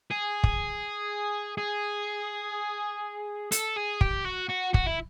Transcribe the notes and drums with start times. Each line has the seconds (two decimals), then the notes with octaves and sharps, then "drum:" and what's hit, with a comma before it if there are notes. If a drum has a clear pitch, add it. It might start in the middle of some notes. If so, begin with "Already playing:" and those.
0.11 G#4
0.44 drum: kick
1.58 G#4
3.52 A4, drum: hi-hat
3.77 G#4
4.01 G4, drum: kick
4.25 F#4
4.50 F#4
4.74 F#4, drum: kick
4.87 E4